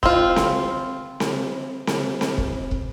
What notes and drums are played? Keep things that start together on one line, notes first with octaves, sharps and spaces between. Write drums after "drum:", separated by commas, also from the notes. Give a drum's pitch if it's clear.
C4 F4, drum: kick
drum: snare C4
drum: snare C4
drum: snare C4
drum: snare C4
drum: kick
drum: kick